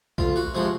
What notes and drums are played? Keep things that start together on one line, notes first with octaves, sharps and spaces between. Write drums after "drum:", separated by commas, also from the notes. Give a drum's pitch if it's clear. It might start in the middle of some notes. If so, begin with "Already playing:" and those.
D2 F4, drum: kick A#1
F#4
C3 F3 G#3 F#4